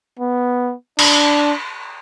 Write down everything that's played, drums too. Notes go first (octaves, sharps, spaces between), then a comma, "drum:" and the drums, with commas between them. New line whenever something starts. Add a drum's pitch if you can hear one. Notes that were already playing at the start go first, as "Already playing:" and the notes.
B3
D4, drum: cymbal